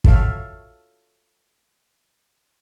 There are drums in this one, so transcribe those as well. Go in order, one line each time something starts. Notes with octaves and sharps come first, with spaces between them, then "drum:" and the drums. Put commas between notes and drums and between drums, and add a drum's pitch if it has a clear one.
F4 F#4 A4 C#5 E5 F5, drum: kick